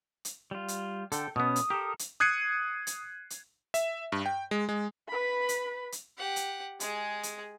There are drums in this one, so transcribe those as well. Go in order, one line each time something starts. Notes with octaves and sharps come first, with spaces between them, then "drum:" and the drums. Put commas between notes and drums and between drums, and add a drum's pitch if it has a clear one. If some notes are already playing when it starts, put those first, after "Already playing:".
drum: hi-hat
G3 F4
drum: hi-hat
D3 A4 G5, drum: hi-hat
B2 B3 C#4 D#6
drum: hi-hat
G4 A4 A#4
drum: hi-hat
D#6 F#6 G#6 C7 C#7 D#7
drum: hi-hat
drum: hi-hat
E5, drum: hi-hat
G2
G5
G#3
G#3
B4 B5
drum: hi-hat
drum: hi-hat
G4 F#5
drum: hi-hat
G#3 G#4, drum: hi-hat
drum: hi-hat